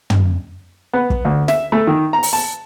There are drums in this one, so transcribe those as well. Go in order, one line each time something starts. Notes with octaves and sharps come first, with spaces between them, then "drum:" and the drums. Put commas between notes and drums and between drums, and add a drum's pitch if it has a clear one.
drum: tom
B3
drum: kick
D2
E5, drum: snare
A3
D#3
A#5
drum: open hi-hat
A5